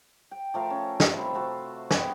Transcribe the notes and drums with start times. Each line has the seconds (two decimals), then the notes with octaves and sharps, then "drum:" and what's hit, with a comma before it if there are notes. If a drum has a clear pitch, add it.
0.31 G5
0.54 F3 A3 A#4 F5
0.70 C#4
1.00 drum: snare
1.10 C3 B5 C6
1.34 F#4 A4 C5 F5
1.91 B3 G5, drum: snare